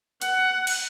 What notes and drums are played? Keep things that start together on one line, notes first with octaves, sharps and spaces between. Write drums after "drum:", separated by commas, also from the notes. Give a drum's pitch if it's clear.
F#5, drum: hi-hat
drum: cymbal